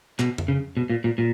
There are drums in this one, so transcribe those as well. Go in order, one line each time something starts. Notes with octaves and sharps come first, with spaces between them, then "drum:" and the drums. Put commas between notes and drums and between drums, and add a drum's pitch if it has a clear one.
B2, drum: clap
drum: tom F2
C#3
B2
A#2
A#2
A#2